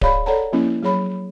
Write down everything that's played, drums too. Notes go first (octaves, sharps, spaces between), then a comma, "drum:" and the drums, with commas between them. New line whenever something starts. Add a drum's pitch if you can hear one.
G#4 C#5 D5 F5 B5, drum: kick D1
A4 C#5 D5 F#5 A5 A#5
F3 A#3 C#4 E4
F#3 G#4 C#5 B5